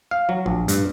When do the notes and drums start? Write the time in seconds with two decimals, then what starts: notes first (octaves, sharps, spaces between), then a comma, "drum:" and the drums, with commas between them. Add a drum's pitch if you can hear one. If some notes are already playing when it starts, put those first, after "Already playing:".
0.11 F5
0.29 F#3
0.46 A#1
0.68 G2, drum: hi-hat